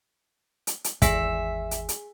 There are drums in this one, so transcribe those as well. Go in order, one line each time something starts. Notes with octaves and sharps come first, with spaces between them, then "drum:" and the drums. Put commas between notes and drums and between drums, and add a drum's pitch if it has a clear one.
drum: hi-hat
drum: hi-hat
G#1 E2 G#4 E5 G#5, drum: kick, hi-hat
drum: hi-hat
drum: hi-hat